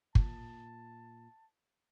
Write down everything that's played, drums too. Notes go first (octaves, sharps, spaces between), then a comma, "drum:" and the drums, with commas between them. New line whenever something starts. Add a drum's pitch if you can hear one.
A#2 A5, drum: kick